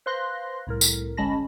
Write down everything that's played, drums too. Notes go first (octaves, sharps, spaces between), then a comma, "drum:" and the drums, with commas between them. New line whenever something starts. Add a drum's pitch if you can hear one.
B4 C5 F5 C6 F#6 A#6
C2 A2 A#4
drum: tambourine
G1 G#3 C#4 A5 B5 A#6